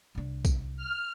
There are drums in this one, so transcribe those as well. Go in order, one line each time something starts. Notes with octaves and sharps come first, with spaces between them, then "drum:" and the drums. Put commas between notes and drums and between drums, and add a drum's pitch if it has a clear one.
C2 D4
drum: kick A#1, tambourine
F6